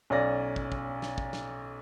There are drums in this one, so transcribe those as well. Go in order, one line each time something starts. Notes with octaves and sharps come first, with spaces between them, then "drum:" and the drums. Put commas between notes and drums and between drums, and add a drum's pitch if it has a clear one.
B1 C#4 D5 A#6
drum: kick
drum: kick
drum: snare
drum: kick
drum: snare